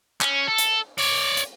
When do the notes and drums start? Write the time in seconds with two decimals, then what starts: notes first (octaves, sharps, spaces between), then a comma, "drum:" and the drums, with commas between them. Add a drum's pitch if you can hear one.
0.21 C#4, drum: clap
0.47 A4
0.58 drum: hi-hat
0.98 C#5 D5, drum: open hi-hat
1.37 drum: hi-hat